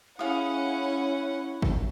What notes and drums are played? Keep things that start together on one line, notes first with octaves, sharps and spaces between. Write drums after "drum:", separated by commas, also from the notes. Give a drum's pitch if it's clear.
C#4 E4 G#4 F5 F#5 D#6
drum: kick G#1